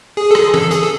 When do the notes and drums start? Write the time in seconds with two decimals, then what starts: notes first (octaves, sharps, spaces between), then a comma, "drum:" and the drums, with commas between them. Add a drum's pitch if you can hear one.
0.17 G#4
0.31 A4
0.35 G#4, drum: rim click
0.54 A4, drum: tom E3
0.71 G#4, drum: hi-hat
0.83 A4